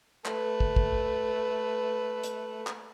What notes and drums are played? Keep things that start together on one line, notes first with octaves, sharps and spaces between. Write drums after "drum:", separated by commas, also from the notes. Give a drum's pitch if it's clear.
A3 B4, drum: clap
drum: kick
drum: kick
drum: hi-hat
drum: clap